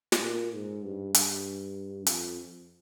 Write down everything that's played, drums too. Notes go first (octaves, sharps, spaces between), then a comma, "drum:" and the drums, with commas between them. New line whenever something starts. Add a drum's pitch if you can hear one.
drum: snare
A#2
G#2
G2
G2, drum: hi-hat
F2, drum: hi-hat